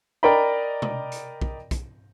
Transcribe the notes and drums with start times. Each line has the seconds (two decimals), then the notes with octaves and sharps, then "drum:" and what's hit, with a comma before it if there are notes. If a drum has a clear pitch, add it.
0.23 A#4 D5 D#5 G5 A#5 B5
0.82 drum: tom B2
1.12 drum: hi-hat
1.42 drum: kick
1.71 drum: kick, hi-hat